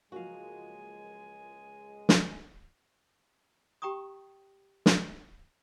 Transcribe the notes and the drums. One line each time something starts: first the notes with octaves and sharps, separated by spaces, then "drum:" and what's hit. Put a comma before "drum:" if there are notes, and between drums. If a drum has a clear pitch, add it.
C#2 F3 F#3 G#3 A#3 F#4 F5 G#5
drum: snare
G4 G5 A#5 C#6 D#6
drum: snare